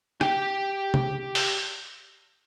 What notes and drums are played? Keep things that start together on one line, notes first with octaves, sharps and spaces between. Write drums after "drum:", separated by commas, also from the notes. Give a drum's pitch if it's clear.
G4 G5, drum: rim click
drum: tom
drum: open hi-hat